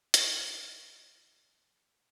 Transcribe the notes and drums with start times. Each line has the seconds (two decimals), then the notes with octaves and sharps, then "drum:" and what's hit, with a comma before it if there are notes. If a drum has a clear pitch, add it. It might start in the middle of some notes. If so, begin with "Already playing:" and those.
0.14 drum: hi-hat
0.23 C4 G4 G#4 C5 C#5